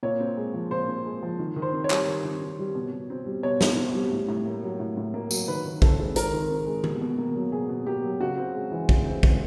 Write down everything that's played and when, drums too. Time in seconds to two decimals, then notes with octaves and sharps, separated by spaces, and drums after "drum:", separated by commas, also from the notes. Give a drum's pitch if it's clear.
0.03 A#2 C#5
0.20 C4
0.37 G#3
0.54 F3
0.70 A#2 C5
0.88 C4
1.05 G#3
1.23 F3
1.39 D#3
1.56 D#3
1.62 C5
1.73 C4
1.84 C#5
1.90 G3, drum: clap
2.08 D#3
2.25 D#3
2.41 C4
2.59 G3
2.75 B2
2.92 B2
3.10 C4
3.26 G3
3.43 B2 C#5
3.61 B2, drum: snare
3.78 C4
3.95 G3
4.11 A2
4.28 A2
4.46 A#3
4.63 F#3
4.80 A2
4.97 A2
5.14 A#3
5.31 F#3, drum: tambourine
5.48 D#3 B4
5.65 D#3
5.82 C4 A4, drum: kick A1
6.00 G#3
6.16 D#3 A#4, drum: hi-hat
6.33 D#3
6.51 C4
6.67 G#3
6.84 B2, drum: tom D#3
7.01 B2
7.18 A#3
7.35 F#3
7.52 B2 G#4
7.69 B2
7.87 A#3 G4
8.04 F#3
8.21 C#3 F#4
8.37 C4
8.55 G#3
8.72 E3
8.89 C#3, drum: kick A1
9.06 C4
9.23 G#3, drum: kick A1